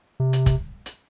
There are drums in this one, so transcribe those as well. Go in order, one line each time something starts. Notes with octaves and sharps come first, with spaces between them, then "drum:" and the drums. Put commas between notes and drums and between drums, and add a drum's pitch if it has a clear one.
C3
drum: hi-hat
drum: kick, hi-hat
drum: hi-hat